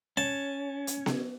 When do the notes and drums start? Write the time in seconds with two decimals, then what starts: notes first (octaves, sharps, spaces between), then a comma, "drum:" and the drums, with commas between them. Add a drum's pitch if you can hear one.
0.17 C#4 A5
0.87 drum: hi-hat
1.06 drum: snare B3